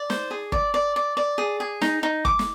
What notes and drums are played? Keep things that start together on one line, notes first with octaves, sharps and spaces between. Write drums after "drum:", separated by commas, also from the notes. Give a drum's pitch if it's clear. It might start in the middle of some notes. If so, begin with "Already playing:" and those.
Already playing: D5
C5, drum: snare
G#4
D5, drum: kick
D5
D5
D5
G#4
G#4
D#4, drum: snare
D#4
D6, drum: kick
drum: snare